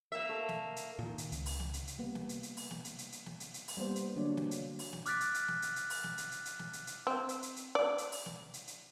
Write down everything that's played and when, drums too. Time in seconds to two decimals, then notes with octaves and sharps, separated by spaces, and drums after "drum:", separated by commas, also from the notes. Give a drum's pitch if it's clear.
0.12 A#3 A#4 B4 E5
0.29 A3 A#4 D5
0.49 drum: snare
0.76 drum: hi-hat
0.99 A#2 D#3
1.18 drum: hi-hat
1.32 C#2, drum: hi-hat
1.46 drum: open hi-hat
1.60 drum: snare
1.74 drum: hi-hat
1.87 drum: hi-hat
1.98 C3 G3 A#3 B3
2.15 drum: snare
2.29 drum: hi-hat
2.43 drum: hi-hat
2.57 drum: open hi-hat
2.71 drum: snare
2.85 drum: hi-hat
2.98 drum: hi-hat
3.12 drum: hi-hat
3.26 drum: snare
3.40 drum: hi-hat
3.54 drum: hi-hat
3.68 drum: open hi-hat
3.77 G3 A#3 B3 C5
3.96 drum: hi-hat
4.16 D3 F#3 A#3 D4 C#5 D5
4.37 drum: snare
4.51 drum: hi-hat
4.79 drum: open hi-hat
4.93 drum: snare
5.06 D6 F6 F#6 A6 B6 D7, drum: hi-hat
5.20 drum: hi-hat
5.34 drum: hi-hat
5.48 drum: snare
5.62 drum: hi-hat
5.76 drum: hi-hat
5.90 drum: open hi-hat
6.04 drum: snare
6.18 drum: hi-hat
6.31 drum: hi-hat
6.45 drum: hi-hat
6.59 drum: snare
6.73 drum: hi-hat
6.87 drum: hi-hat
7.07 C4
7.29 drum: hi-hat
7.43 drum: hi-hat
7.56 drum: hi-hat
7.75 D5
7.98 drum: hi-hat
8.12 drum: open hi-hat
8.26 drum: snare
8.54 drum: hi-hat
8.67 drum: hi-hat